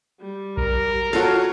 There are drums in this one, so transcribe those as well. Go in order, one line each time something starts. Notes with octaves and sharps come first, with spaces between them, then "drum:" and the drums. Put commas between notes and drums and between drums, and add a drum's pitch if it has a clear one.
G3
A#4, drum: kick A#1
F4 F#4 A4 C#5 F5